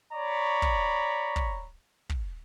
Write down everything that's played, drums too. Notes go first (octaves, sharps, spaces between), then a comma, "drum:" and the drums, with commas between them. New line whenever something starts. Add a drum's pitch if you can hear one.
C#5 D5 A#5 B5 C#6
drum: kick
drum: kick
drum: kick